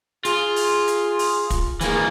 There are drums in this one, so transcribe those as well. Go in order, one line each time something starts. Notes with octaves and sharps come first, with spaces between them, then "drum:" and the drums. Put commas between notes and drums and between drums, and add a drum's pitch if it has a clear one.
F4 G#4, drum: hi-hat
drum: open hi-hat
drum: hi-hat
drum: open hi-hat
drum: kick, hi-hat
E3 A#3 G#4, drum: hi-hat